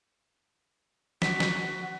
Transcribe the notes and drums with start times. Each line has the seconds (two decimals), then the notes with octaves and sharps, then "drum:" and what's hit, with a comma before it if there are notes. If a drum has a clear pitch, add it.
1.22 F#4 B6, drum: snare
1.40 drum: snare